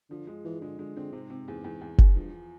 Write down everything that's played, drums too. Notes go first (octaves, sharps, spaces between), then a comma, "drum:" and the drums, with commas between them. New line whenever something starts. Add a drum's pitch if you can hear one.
D3 F3
G#3
E3 F3
D3 G#3
D3 G#3
D3 C4
G#2 C3
C3
E2
E2
E2
E2, drum: kick F#1
G2 F3